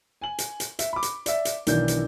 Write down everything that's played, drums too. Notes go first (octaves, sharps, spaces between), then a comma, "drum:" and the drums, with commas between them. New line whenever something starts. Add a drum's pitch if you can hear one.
G#5 F#7
drum: hi-hat
drum: hi-hat
E5, drum: hi-hat
B5 D6
drum: hi-hat
D5 E5, drum: hi-hat
drum: hi-hat
B1 D#3 E3 D4 G6, drum: hi-hat
drum: hi-hat